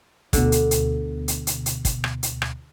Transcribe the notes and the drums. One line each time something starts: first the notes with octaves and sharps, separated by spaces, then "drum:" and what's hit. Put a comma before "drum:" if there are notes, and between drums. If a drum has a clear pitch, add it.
D2 B2 D3, drum: kick, hi-hat
drum: hi-hat
drum: hi-hat
drum: hi-hat
drum: hi-hat
drum: hi-hat
drum: kick, hi-hat
drum: rim click
drum: hi-hat
drum: rim click